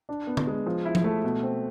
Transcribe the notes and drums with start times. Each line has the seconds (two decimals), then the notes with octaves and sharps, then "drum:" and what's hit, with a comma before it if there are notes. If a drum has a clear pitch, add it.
0.09 D4
0.27 B3
0.37 drum: tom
0.47 G#3
0.67 F3
0.85 E4
0.95 drum: tom F3
1.04 A3
1.24 B2
1.43 C4